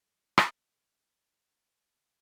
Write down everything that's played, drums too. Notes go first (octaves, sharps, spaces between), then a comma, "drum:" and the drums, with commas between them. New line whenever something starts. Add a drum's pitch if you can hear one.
G3 C4 C#4 D#4 G#4 A4
drum: rim click